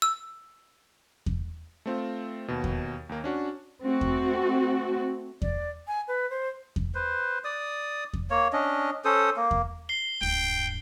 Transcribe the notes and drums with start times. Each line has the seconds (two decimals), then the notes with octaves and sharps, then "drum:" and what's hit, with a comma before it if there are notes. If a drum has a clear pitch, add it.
0.02 E6
1.26 drum: kick E2
1.86 A3 C4 F4
2.48 D#2 B2
2.64 drum: kick E2
3.09 D#2 A#3
3.24 C#4 D4 F#4
3.84 A3 C4 F#4
4.01 drum: kick E2
5.42 D5, drum: kick E2
5.87 G#5
6.08 B4
6.30 C5
6.76 drum: kick E2
6.95 B4 C5
7.45 D5 D#6
8.13 drum: kick E2
8.30 A#3 C#5
8.53 C#4 D4 D#5
9.05 C#4 A4 C5 D#6
9.37 A#3
9.51 drum: kick E2
9.89 C7 G7
10.21 D1 G2 G5